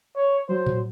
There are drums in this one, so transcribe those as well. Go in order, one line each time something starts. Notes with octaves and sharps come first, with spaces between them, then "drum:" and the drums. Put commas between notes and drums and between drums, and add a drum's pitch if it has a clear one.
C#5
F#3 C5
drum: tom A2